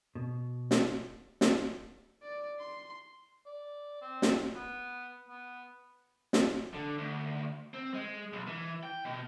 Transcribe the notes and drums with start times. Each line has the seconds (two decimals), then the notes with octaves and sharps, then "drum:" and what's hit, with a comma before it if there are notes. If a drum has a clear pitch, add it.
0.15 B2
0.71 drum: snare
1.41 drum: snare
2.22 D5
2.60 C6
3.46 D5
4.02 C4
4.22 drum: snare
4.55 B3
5.29 B3
6.33 drum: snare
6.74 D3
6.98 D2
7.74 C4
7.94 G#3
8.33 B1
8.47 E3
8.83 G5
9.05 B2